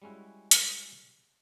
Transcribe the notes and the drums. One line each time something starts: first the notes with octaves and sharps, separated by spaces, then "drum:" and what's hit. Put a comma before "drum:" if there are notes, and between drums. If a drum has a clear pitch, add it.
G3 G#3 C#4 E4 F#4
drum: hi-hat